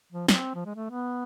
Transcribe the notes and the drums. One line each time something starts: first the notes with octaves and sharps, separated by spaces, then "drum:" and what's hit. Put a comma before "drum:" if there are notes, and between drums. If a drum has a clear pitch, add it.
F3
C4, drum: snare
F3
G#3
A3
B3